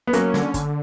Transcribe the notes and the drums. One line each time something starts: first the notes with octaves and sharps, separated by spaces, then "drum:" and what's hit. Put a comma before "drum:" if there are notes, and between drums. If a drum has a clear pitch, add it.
B3
F#3 A#3 C#4, drum: hi-hat
D3, drum: snare
D3, drum: kick, hi-hat